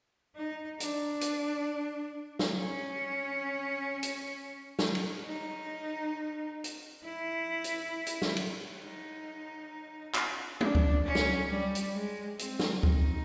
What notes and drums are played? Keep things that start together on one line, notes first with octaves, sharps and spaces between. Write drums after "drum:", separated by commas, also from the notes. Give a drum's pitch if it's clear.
D#4
D4, drum: hi-hat
drum: hi-hat
drum: snare
C#4
drum: hi-hat
drum: snare
drum: cymbal
D#4
drum: hi-hat
E4
drum: hi-hat
drum: hi-hat
drum: snare
drum: cymbal
D#4
drum: clap
D4, drum: tom G#3
drum: kick C#2
C#4
drum: snare
G3
drum: hi-hat
G#3
C4, drum: hi-hat
drum: snare
D#4, drum: kick C#2